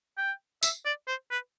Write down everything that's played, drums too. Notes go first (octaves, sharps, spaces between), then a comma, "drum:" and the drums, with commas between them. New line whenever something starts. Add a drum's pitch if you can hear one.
G5
E5, drum: tambourine
D5
C5
B4